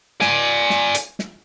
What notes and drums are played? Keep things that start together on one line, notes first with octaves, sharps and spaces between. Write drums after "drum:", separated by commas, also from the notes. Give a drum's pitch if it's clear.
D5 G#5, drum: snare
drum: snare
drum: hi-hat
drum: snare